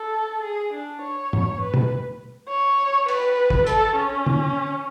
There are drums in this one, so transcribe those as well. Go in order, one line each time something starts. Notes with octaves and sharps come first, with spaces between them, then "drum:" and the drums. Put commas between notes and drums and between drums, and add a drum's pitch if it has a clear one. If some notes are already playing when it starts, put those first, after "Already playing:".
Already playing: A4
G#4
D4
C#5
drum: tom G#2
B4
drum: tom B2
C#5
B4, drum: cymbal
drum: kick
A4, drum: hi-hat
C#4
drum: tom